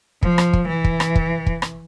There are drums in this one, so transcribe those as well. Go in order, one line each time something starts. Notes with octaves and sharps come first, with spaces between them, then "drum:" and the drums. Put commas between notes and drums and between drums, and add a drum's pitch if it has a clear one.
F3, drum: kick
drum: rim click
drum: kick
E3
drum: kick
drum: rim click
drum: kick
drum: kick
drum: rim click